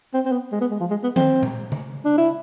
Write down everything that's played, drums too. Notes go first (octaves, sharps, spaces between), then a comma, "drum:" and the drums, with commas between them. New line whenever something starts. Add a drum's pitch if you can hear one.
C4
C4
B3
G#3
B3
G#3
F3
G#3
B3
C4, drum: tom D#3
drum: tom A#2
drum: tom C#3
D4
E4